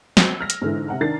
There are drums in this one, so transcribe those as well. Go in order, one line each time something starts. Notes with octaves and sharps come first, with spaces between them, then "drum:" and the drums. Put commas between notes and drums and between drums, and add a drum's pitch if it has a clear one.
C4 F#4 E6 G#6, drum: snare
F6 A#6
drum: hi-hat
G#2 D3 E3
C3 F#5 A#5
D#3 D4 A#5 A6 C7